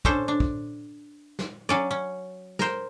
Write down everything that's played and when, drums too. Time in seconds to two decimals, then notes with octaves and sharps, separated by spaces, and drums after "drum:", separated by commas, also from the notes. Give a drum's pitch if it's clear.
0.05 C#4 D4 A4 C5, drum: kick
0.28 D4
0.40 drum: kick
1.39 drum: snare
1.69 F#3 C#4 D5
1.91 C#4
2.59 A#4 C5, drum: snare